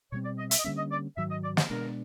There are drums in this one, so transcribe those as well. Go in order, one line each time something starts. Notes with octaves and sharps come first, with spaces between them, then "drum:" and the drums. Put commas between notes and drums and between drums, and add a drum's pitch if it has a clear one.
B2 G3 C4 C#5
D5
D#5
E5, drum: hi-hat
D#5
D3 G3 A#3 C#4 E5
D#5
D5
G#2 D#3 F#3 E5
D#5
D5
C5, drum: snare
B2 G#3 B3 D4 A#4